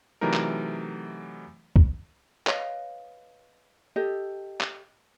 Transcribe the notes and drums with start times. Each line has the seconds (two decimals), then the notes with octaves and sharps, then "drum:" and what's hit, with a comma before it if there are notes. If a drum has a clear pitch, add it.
0.21 C3 E3 F#3 A3 D#4 A#4
0.33 drum: clap
1.76 drum: kick C2
2.47 B4 C#5 D#5 F5, drum: clap
3.96 G4 A4 D#5
4.60 drum: clap